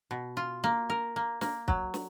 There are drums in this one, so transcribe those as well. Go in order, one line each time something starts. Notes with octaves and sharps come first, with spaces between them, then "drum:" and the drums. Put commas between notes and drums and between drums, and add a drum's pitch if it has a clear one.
B2
F4
A#3
A#4
A#3
A#3, drum: snare
F#3, drum: kick
drum: snare